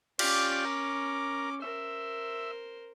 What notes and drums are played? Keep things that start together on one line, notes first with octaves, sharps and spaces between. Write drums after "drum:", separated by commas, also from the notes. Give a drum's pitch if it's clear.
C#4 F4 G4 D5 D6, drum: cymbal
A#4
A#4 C5 E5